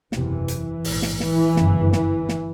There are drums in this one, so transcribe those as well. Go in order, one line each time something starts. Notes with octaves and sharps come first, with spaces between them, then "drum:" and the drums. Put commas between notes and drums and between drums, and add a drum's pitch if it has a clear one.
F#1 E2 C3 E3, drum: snare
drum: hi-hat
A#1 G#2, drum: open hi-hat
drum: snare
E3, drum: snare
G1 F#2 C#3, drum: snare
E3, drum: snare
drum: snare